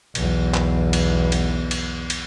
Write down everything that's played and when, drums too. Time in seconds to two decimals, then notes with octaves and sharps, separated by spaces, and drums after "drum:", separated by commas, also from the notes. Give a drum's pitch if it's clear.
0.15 B1 E2, drum: cymbal
0.54 drum: clap
0.93 drum: cymbal
1.32 drum: cymbal
1.71 drum: cymbal
2.10 drum: cymbal